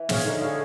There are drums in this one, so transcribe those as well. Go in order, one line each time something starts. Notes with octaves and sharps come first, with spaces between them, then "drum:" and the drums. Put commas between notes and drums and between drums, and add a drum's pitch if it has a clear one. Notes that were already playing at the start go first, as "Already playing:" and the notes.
Already playing: E3
G#4 C#5 F5, drum: snare
D3 D#4
G#4 C#5 F5